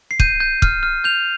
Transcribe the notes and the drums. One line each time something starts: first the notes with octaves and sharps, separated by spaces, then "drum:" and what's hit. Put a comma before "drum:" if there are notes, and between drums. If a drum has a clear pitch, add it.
C7
G6 D#7, drum: kick
G6
F6, drum: kick
F6
G6 F7